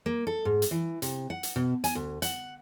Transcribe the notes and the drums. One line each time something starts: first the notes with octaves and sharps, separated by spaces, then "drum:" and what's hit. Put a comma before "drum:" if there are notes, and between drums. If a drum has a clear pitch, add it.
A#3
A4
G#2
drum: hi-hat
E3
C3, drum: hi-hat
F#5
drum: hi-hat
B2
G#5, drum: hi-hat
D2
F#5, drum: hi-hat